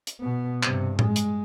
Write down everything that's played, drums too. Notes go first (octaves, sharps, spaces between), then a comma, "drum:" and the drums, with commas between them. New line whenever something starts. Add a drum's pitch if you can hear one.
drum: hi-hat
B2 B3
G2 C3, drum: clap
G#3, drum: tom A2
drum: hi-hat